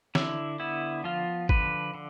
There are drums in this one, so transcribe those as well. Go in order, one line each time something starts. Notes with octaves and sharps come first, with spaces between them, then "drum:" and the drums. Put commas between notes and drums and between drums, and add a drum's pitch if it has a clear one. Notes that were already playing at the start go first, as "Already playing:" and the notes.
D3 E4, drum: snare
B3 E4
F3 F4
D3 B4, drum: kick
D3